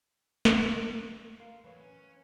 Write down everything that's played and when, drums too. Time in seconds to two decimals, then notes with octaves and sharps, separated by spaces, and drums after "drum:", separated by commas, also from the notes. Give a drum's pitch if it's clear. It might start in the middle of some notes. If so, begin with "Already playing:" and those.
0.45 drum: snare
1.40 A#4 F5 C6
1.64 A2 E3 F#3 B4 C#5
1.79 C#4